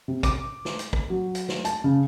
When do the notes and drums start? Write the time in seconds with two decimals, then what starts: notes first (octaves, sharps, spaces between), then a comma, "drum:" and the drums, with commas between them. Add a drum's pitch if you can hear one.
0.08 C3
0.23 D6, drum: kick, hi-hat
0.65 drum: snare
0.79 drum: hi-hat
0.93 drum: kick
1.10 F#3
1.35 drum: hi-hat
1.49 drum: snare
1.65 A5, drum: hi-hat
1.84 C#3